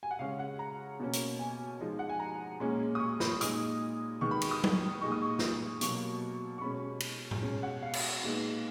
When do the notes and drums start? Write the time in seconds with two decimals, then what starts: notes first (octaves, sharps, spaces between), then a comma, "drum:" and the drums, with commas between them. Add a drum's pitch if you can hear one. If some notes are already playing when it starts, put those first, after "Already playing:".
0.03 G#5
0.11 F#5
0.19 C#3 G#3 C#4 F5
0.39 F#5
0.59 A#5
1.00 B2 A#3 C#4
1.13 drum: hi-hat
1.39 G#5
1.80 F3 G#3 D#4
1.99 F#5
2.09 G#5
2.20 A#5
2.60 A#2 G#3 C#4
2.95 D#6
3.00 C#6
3.20 B5, drum: snare
3.41 A#2 G#3 D#4 D#6, drum: hi-hat
4.21 D#3 G#3 B3 C#6
4.31 B5
4.41 C#6, drum: cymbal
4.51 D#6
4.64 drum: tom F#3
5.01 A#2 G#3 D#4 C#6
5.12 D#6
5.22 C#6
5.39 drum: snare
5.81 B2 F#3 A#3 C#6, drum: hi-hat
6.58 C#6
6.61 B2 G#3 C#4 B5
7.00 drum: cymbal
7.31 drum: tom A2
7.42 B2 G#3 C#4
7.63 F#5
7.82 F5
7.93 drum: cymbal
8.22 A#2 G#3 B3 D#4